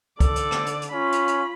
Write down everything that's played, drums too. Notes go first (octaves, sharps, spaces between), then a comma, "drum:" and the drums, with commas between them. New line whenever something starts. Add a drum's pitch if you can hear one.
D3 A4 D5, drum: kick, hi-hat
drum: hi-hat
drum: rim click
drum: hi-hat
drum: hi-hat
C#4 F4 B5
drum: hi-hat
drum: hi-hat